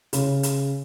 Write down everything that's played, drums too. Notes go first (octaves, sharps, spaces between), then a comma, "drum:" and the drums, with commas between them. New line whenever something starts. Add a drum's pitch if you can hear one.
C#3, drum: hi-hat
drum: hi-hat